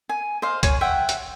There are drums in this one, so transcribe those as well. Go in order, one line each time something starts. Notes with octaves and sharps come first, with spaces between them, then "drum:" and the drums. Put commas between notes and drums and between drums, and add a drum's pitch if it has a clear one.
G#5
C5 D#5 F5
C#5 G#5, drum: kick, hi-hat
E5 F#5 G5
drum: hi-hat